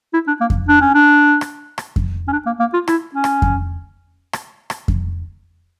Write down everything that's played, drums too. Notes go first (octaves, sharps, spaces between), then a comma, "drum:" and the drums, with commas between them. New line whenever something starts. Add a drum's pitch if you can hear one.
E4
D4
A#3
drum: kick F2
D4
C#4
D4
drum: rim click
drum: rim click
drum: kick F2
C#4
D4
A#3
A#3
F4
E4, drum: rim click
C#4
drum: rim click
drum: kick F2
drum: rim click
drum: rim click
drum: kick F2